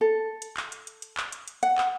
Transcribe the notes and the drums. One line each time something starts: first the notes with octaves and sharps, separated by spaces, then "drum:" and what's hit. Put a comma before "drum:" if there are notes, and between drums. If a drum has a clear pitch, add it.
A4
drum: hi-hat
drum: clap
drum: hi-hat
drum: hi-hat
drum: hi-hat
drum: clap
drum: hi-hat
drum: hi-hat
F#5, drum: hi-hat
drum: clap